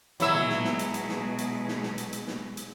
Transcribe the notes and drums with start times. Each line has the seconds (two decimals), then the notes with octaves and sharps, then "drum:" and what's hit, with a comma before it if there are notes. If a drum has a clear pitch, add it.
0.20 B2 F#3 G#3 E4 G#4 E5, drum: hi-hat
0.35 drum: tom A#2
0.49 drum: snare
0.64 drum: snare
0.79 drum: hi-hat
0.94 drum: hi-hat
1.09 drum: snare
1.38 drum: hi-hat
1.68 drum: snare
1.83 drum: snare
1.98 drum: hi-hat
2.13 drum: hi-hat
2.27 drum: snare
2.57 drum: hi-hat